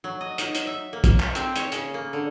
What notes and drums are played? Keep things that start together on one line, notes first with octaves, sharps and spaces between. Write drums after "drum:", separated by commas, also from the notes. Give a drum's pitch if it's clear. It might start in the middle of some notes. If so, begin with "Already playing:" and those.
F#3
D#5
D#4, drum: hi-hat
drum: hi-hat
E5
A#3
drum: kick, hi-hat
drum: clap
C4, drum: hi-hat
C#5, drum: hi-hat
C#3, drum: hi-hat
A#3
D3